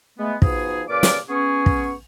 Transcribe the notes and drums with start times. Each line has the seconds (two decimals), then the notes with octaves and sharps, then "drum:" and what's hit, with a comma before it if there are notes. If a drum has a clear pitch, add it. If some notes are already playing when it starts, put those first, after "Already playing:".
0.19 G#3 A3 B3
0.42 F3 B3 D#4 F#4 G#4, drum: kick
0.89 A#2 C#3 B4 D5 F5 D6
1.03 drum: snare
1.29 B3 C#4 G#4 C#6
1.66 drum: kick